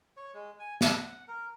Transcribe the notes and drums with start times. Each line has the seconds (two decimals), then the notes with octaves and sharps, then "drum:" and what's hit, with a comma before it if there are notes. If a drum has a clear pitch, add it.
0.17 C#5
0.34 G#3
0.59 G#5
0.81 A4, drum: snare
0.98 F#5
1.28 A#4